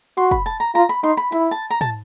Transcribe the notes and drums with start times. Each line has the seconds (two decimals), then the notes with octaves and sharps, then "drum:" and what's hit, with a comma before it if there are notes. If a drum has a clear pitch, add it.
0.17 F#4 C6
0.31 B5, drum: kick
0.46 A5
0.60 A#5
0.75 F4 A#5
0.89 B5
1.03 D#4 C6
1.17 B5
1.32 E4 B5
1.51 A5
1.70 A#5
1.81 A5, drum: tom